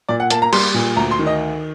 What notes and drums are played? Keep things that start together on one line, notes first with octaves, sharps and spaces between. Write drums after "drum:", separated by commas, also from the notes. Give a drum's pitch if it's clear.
A#2 D5
F#5
A#3 A5, drum: hi-hat
A#5
G3 C6, drum: cymbal
A#2
D2 A#5
C6
D#3
D#5